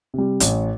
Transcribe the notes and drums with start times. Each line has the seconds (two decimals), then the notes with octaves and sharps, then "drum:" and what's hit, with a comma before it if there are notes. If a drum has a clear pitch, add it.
0.14 C3 G3
0.40 A1, drum: hi-hat